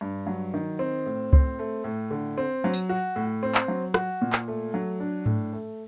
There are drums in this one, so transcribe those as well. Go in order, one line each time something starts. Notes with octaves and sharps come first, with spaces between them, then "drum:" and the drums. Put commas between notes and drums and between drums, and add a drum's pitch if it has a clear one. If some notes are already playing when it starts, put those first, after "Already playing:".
G2
F#3
D#3
C4
A2
C4, drum: kick C#2
A3
A2
D3
C4
F#3
drum: tambourine
F#4
A2
C4
drum: clap
F#3
F#4, drum: rim click
A#2
drum: clap
A3
F#3
D4
A2, drum: tom G#2
A3